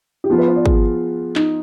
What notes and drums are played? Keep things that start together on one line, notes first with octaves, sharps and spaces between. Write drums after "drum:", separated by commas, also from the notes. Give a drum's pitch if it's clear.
G4
F3 B3 F4 G#4
B4
C5
D5
G#4, drum: kick
D#4, drum: clap